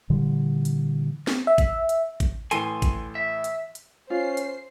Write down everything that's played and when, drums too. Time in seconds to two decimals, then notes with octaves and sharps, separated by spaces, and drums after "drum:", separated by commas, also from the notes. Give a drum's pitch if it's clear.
0.10 A#2 D3 E3 G3
0.65 drum: hi-hat
1.27 drum: snare
1.47 E5
1.58 drum: kick A1, hi-hat
1.89 drum: hi-hat
2.20 drum: kick A1, hi-hat
2.51 A2 E3 A4 G#5 C6, drum: hi-hat
2.82 drum: kick A1, hi-hat
3.15 E5
3.44 drum: hi-hat
3.75 drum: hi-hat
4.10 C#4 F4 C5 C7
4.37 drum: hi-hat